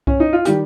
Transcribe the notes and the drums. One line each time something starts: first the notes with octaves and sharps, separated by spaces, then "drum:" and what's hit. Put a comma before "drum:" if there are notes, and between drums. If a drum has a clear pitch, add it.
C#4, drum: kick C2
D#4
F4
D#3 G3 G4, drum: hi-hat